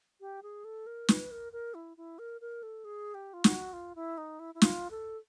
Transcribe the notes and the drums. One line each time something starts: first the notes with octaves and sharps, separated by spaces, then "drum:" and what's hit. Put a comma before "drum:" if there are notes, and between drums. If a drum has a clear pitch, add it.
G4
G#4
A4
A#4
B4, drum: snare
A#4
A#4
E4
E4
A#4
A#4
A4
G#4
G4
F4
F#4, drum: snare
F4
E4
D#4
E4
E4
F4, drum: snare
A4